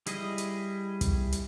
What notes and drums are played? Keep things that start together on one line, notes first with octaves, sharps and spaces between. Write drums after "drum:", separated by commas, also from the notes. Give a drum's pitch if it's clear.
G3 E4 G#4 D#5, drum: hi-hat
drum: hi-hat
drum: kick, hi-hat
drum: hi-hat